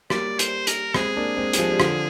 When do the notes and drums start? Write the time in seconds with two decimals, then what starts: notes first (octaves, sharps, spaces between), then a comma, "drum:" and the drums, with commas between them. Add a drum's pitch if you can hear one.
0.10 G3 A#3 D5, drum: rim click
0.39 C5, drum: hi-hat
0.67 A#4, drum: hi-hat
0.94 G#3 C4 G#4, drum: rim click
1.17 A#3 D4
1.37 G#3 C4
1.53 G3, drum: hi-hat
1.58 F3 G#3
1.71 G3
1.80 D3 F3, drum: rim click